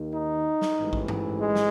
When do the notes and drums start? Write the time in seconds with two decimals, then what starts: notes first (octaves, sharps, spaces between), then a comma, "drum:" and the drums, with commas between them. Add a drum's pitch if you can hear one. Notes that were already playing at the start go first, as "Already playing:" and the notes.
Already playing: D#2 D#3
0.14 D#4
0.61 drum: snare
0.77 A1 G#2 E3
0.93 drum: kick A1
1.08 drum: tom G2
1.39 G#3
1.55 drum: snare